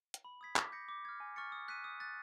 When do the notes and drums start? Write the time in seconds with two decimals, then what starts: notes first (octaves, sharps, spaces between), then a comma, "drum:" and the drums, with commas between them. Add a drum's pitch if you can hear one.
0.14 drum: hi-hat
0.25 B5
0.41 D#6 G#6 B6
0.56 D6, drum: clap
0.72 G6 A#6 C#7
0.89 D6
1.05 F6 G#6
1.20 G#5
1.36 C#6 F6 A6 C#7
1.52 D#6
1.68 F#6 B6 D#7
1.84 D#6
2.00 F#6 A6